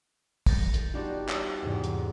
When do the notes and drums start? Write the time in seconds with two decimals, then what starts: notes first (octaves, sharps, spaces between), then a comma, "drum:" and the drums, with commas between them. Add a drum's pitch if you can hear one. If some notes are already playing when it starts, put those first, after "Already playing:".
0.46 G6 A6 A#6 C#7, drum: kick, open hi-hat
0.74 drum: hi-hat
0.94 G3 B3 D4 D#4 F4 F#4
1.29 drum: clap
1.62 E2 G#2 C3
1.84 drum: hi-hat